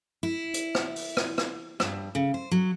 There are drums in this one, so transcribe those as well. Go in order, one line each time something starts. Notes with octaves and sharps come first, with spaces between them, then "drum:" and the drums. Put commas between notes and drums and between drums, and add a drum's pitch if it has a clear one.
E4
drum: hi-hat
drum: rim click
drum: open hi-hat
drum: rim click
drum: rim click
G2, drum: rim click
C#3
C5
F#3